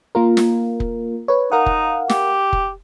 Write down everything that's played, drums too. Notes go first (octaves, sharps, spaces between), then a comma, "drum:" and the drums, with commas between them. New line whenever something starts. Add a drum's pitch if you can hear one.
A#3 F4 A#4
drum: snare
drum: kick
B4 C#5
D#4 A#4 F5 F#5
drum: kick
G4, drum: snare
drum: kick